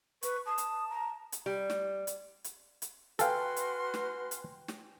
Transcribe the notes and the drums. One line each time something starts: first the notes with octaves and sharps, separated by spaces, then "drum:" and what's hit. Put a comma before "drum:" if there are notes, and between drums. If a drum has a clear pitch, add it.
B4 C#6, drum: hi-hat
A5 D#6
drum: hi-hat
A#5
drum: hi-hat
G3
drum: snare
drum: hi-hat
drum: hi-hat
drum: hi-hat
F#4 A4 B4 F5 G5 G#5 C6 F6, drum: hi-hat
drum: hi-hat
drum: snare
drum: hi-hat
drum: snare